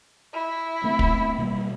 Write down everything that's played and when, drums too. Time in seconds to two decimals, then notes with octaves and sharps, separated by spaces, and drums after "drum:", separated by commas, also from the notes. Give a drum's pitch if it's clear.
0.34 E4
0.84 A3 B3 C4
0.99 drum: kick
1.38 B2 G3 A#3